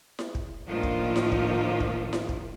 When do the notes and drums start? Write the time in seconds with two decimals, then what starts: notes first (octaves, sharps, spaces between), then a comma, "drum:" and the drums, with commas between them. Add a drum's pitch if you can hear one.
0.19 drum: snare E4
0.35 drum: kick
0.67 A2 D#3 F3 A#3 D4 F4
0.83 drum: kick
1.16 drum: snare E4
1.32 drum: kick
1.80 drum: kick
2.13 drum: snare E4
2.29 drum: kick